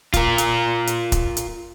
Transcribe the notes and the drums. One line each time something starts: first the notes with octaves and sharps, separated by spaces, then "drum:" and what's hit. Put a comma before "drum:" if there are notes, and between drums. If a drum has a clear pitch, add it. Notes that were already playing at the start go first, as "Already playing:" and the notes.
F4 A#4, drum: kick, hi-hat
drum: hi-hat
drum: hi-hat
drum: kick, hi-hat
drum: hi-hat